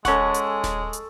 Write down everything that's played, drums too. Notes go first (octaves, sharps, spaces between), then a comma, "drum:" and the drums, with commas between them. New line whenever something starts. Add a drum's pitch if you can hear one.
G#3 C#4 A4 F#5 C#6, drum: snare D#1
drum: hi-hat
drum: snare D#1
drum: hi-hat